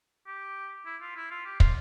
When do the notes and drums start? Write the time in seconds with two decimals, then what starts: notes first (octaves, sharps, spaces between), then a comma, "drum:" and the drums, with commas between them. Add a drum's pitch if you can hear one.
0.27 G4
0.86 E4
1.02 F4
1.16 E4
1.31 F4
1.45 G4
1.60 F4, drum: kick